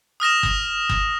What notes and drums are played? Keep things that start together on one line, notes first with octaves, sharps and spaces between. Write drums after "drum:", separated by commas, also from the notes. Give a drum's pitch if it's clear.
D#6 F6 A#6 E7
drum: kick
drum: kick